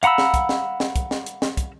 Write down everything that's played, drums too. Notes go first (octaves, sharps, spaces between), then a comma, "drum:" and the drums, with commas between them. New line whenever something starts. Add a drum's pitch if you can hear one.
F5 F#5 A#5 B5 E6, drum: hi-hat
drum: snare
drum: kick, hi-hat
drum: snare
drum: snare
drum: kick, hi-hat
drum: snare
drum: hi-hat
drum: snare
drum: kick, hi-hat